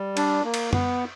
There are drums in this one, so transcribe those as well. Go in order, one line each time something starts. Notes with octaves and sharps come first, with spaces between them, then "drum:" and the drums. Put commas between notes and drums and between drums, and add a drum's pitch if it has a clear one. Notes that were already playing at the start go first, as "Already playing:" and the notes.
Already playing: G3
D4, drum: cymbal
A#3
drum: cymbal
B3, drum: tom F#2